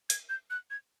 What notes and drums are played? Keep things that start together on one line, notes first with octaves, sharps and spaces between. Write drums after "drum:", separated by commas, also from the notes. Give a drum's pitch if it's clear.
G#6, drum: hi-hat
G6
F#6
G#6